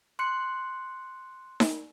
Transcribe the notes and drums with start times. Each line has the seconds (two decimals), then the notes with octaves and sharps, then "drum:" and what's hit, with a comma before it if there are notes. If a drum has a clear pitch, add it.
0.19 C6 F#6 C#7
1.60 drum: snare D#4